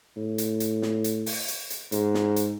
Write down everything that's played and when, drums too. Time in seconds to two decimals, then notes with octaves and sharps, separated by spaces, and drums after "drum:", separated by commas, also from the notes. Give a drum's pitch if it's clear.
0.17 A2
0.38 drum: hi-hat
0.60 drum: hi-hat
0.82 drum: snare
1.04 drum: hi-hat
1.26 drum: open hi-hat
1.48 drum: hi-hat
1.70 drum: hi-hat
1.92 G#2, drum: hi-hat
2.14 drum: snare
2.36 drum: hi-hat